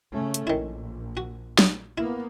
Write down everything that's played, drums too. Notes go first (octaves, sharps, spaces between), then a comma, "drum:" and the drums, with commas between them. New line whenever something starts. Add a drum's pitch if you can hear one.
C#3 A3 C#4
drum: hi-hat
A#1 D#3 E4
F#4
drum: snare
A#3 B3 E4